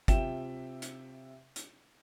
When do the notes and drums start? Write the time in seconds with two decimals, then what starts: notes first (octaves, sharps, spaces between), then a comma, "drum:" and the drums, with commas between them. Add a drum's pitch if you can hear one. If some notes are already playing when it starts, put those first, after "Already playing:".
0.08 C3 F4 E5 G5 E7, drum: kick, hi-hat
0.82 drum: hi-hat
1.56 drum: hi-hat